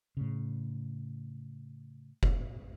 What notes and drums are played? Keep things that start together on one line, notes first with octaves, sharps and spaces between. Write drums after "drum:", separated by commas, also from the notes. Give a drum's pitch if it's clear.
A2 C#3
drum: kick F1